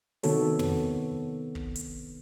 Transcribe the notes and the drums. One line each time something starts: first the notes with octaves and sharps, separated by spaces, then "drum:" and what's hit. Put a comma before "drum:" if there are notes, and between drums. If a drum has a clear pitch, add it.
C3 D#3 B3 F#4 A4 C#5, drum: open hi-hat
B3, drum: tom
drum: kick
drum: hi-hat